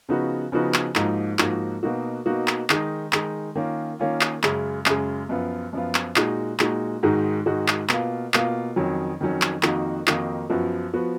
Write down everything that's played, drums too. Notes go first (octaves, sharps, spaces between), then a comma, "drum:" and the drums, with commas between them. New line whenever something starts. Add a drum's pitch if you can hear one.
C#3 F3 B3 D#4 F#4
C#3 F3 B3 D#4 F#4
drum: clap
G#2 F3 A#3 D#4 F#4, drum: clap
G#2 F3 A#3 D#4 F#4, drum: clap
B2 A#3 D#4 F#4
B2 A#3 D#4 F#4
drum: clap
D#3 G#3 D#4, drum: clap
D#3 G#3 D#4, drum: clap
D#3 A#3 C#4 F4
D#3 A#3 C#4 F4
drum: clap
F#2 C#3 G#3, drum: clap
F#2 C#3 G#3, drum: clap
F#2 F3 B3 F4
F#2 F3 B3 F4
drum: clap
A#2 G#3 D#4 F#4, drum: clap
A#2 G#3 D#4 F#4, drum: clap
G#2 D#3 G#3 D#4 F#4
G#2 D#3 G#3 D#4 F#4
drum: clap
B2 A#3 F4, drum: clap
B2 A#3 F4, drum: clap
F2 D#3 F#3 C#4
F2 D#3 F#3 C#4
drum: clap
F2 D#3 A#3 D#4 F#4, drum: clap
F2 D#3 A#3 D#4 F#4, drum: clap
F#2 F3 B3 F#4
F3 B3 F#4